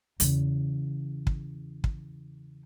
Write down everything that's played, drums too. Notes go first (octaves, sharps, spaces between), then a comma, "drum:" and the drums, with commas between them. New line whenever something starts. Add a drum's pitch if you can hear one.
E2 C#3, drum: hi-hat
drum: kick
drum: kick